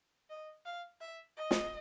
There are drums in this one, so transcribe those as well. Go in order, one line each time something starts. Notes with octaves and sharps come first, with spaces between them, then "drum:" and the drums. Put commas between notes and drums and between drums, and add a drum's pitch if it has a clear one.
D#5
F5
E5
D#5
drum: snare